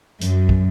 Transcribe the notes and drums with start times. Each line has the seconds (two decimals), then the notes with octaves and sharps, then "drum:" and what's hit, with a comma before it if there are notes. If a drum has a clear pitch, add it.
0.21 F#2, drum: hi-hat
0.49 drum: kick